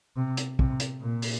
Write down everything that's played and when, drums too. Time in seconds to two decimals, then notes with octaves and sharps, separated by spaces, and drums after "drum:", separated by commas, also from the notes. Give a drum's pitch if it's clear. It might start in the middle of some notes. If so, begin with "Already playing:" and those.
0.16 C3
0.37 drum: hi-hat
0.59 C3, drum: kick
0.80 drum: hi-hat
1.02 A#2
1.22 drum: open hi-hat